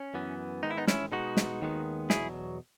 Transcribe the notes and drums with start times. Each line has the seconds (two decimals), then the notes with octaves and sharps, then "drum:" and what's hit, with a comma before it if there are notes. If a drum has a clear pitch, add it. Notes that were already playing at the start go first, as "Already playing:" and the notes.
Already playing: C#4
0.14 F#2 E3 B3
0.63 G#2 D#3 G#3 B3 D#4
0.71 E4
0.78 B3 D#4
0.87 C#4 E4, drum: snare
1.12 B2 G#3 B3 D#4 F#4
1.37 drum: snare
1.61 D#2 D#3 G#3 B3
2.10 E2 B2 F#3 E4 G#4, drum: snare